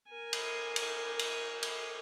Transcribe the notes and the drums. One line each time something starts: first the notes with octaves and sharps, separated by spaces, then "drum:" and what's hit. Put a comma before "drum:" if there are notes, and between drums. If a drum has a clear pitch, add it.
A#4 G#5
drum: cymbal
drum: cymbal
drum: cymbal
drum: cymbal